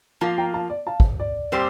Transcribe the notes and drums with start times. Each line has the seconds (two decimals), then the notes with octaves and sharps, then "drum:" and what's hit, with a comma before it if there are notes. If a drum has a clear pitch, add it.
0.21 F3 A#3 F4 F5 A5
0.38 G5 A#5
0.54 F5 A5
0.70 D5
0.87 F5 A5
1.00 drum: kick
1.20 D5
1.52 A#2 G3 C4 G4 C5